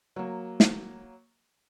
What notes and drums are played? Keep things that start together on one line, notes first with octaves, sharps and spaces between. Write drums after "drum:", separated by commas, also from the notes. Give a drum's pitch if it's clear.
F#3 A#3
drum: snare